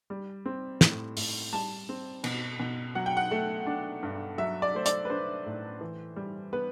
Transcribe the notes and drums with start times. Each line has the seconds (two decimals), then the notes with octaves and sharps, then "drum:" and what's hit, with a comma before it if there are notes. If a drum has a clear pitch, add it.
0.10 G3
0.46 C4
0.81 A2, drum: snare
1.17 A2, drum: open hi-hat
1.53 G3 A5
1.89 C4
2.24 B2, drum: cymbal
2.60 B2
2.95 F#3 F#5
3.06 G5
3.17 F#5
3.31 A3
3.67 D4
4.03 G2
4.38 F#3 E5
4.62 D5
4.74 A3 C5
4.86 D5, drum: hi-hat
5.05 B4
5.10 D4 C5
5.46 A2
5.81 E3
6.16 G3
6.53 B3 B4